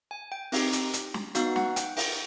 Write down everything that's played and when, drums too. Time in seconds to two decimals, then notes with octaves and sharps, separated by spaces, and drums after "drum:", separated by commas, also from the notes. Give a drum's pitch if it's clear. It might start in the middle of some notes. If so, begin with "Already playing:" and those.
0.11 G#5
0.32 G5
0.52 C4 D#4 G4, drum: open hi-hat
0.73 drum: hi-hat
0.93 drum: hi-hat
1.14 drum: snare
1.35 B3 D#4 F#4 F5, drum: hi-hat
1.56 F#5, drum: snare
1.76 G5, drum: hi-hat
1.97 G5, drum: open hi-hat